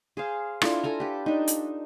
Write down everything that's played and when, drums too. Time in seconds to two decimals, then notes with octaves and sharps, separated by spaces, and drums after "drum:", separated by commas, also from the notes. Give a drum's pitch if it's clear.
0.17 G#4 C5 F5
0.62 D4 E4 F4 A4, drum: rim click
0.84 A4 G#5 A#5
1.00 G4 B4
1.26 D4 D#4
1.48 drum: hi-hat